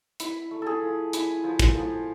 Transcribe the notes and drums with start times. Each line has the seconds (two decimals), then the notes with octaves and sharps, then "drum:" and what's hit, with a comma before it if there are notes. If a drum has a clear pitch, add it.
0.20 E4, drum: hi-hat
0.51 A3
0.62 G#4 A4
0.82 F3
1.13 E4, drum: hi-hat
1.44 F3
1.59 drum: kick, hi-hat
1.75 F3